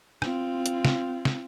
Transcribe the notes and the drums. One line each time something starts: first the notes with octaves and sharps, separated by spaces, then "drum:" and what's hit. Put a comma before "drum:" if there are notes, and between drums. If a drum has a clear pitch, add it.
C4 F4, drum: rim click
drum: hi-hat
drum: snare
drum: snare